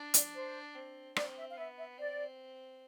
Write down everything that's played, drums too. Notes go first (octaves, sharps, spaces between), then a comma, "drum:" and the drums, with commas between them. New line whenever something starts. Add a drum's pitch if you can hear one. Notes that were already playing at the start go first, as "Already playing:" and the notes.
Already playing: D4
D5, drum: hi-hat
C5
C4
C4 D5, drum: rim click
E5
F5
B3 E5
E5
C4 D5